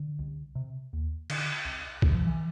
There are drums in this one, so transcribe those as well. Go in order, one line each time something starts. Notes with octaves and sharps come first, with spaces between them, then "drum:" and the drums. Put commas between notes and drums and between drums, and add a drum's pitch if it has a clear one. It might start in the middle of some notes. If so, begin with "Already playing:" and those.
Already playing: D3
C2
C3
D#2
D3, drum: cymbal
C2
C3, drum: kick
F3
E3